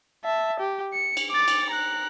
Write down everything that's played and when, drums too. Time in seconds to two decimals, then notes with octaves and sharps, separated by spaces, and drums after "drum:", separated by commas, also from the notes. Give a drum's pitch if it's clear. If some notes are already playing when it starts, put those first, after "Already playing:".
0.24 E5 A5
0.60 G4
0.94 C#7
1.17 drum: cymbal
1.31 D6 A6
1.48 drum: cymbal
1.70 A#5 F#6